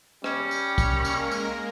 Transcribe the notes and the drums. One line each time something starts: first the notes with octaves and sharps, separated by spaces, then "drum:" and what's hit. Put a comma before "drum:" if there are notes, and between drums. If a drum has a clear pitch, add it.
G3 C#4, drum: rim click
drum: tambourine
drum: kick, tambourine
G#3 A#3 A#4
drum: tambourine
drum: tambourine